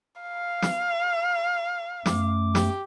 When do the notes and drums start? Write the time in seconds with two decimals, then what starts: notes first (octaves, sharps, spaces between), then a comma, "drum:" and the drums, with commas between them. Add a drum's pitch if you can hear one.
0.22 F5
0.62 drum: snare
2.06 F#2 A3 D6, drum: snare
2.55 G4, drum: snare